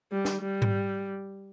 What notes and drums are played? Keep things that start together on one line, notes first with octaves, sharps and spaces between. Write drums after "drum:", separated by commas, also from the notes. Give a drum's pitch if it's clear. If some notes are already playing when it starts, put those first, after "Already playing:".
G3
drum: snare
G3
drum: tom G#2